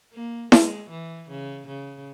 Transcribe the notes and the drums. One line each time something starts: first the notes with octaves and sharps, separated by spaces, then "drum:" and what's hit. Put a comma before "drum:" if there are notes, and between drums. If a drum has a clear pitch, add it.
A#3
G#3, drum: snare E4
E3
C#3
C#3